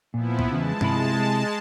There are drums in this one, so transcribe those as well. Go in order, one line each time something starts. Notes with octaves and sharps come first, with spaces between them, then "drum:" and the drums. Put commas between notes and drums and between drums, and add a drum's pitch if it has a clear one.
A#2 F3 B3 E4
drum: kick
E2 C#3 G#3 A5
C3 E4 B5, drum: tom G2